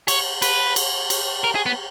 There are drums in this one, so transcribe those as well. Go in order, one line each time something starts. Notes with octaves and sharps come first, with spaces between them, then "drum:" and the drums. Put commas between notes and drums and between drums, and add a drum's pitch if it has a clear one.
C#5, drum: cymbal
B4, drum: cymbal
drum: cymbal
drum: cymbal
A#4
G#4
B3